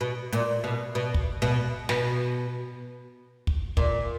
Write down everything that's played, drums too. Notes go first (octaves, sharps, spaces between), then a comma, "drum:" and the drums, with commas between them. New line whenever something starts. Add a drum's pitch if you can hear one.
B2
A#2, drum: hi-hat
B2
B2
drum: kick
B2
B2, drum: snare
drum: kick
A#2, drum: kick